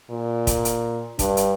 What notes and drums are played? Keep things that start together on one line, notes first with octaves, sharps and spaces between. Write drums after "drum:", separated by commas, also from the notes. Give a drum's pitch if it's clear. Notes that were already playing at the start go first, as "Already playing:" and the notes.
A#2
drum: kick, hi-hat
drum: hi-hat
G2 D4, drum: kick, hi-hat
drum: hi-hat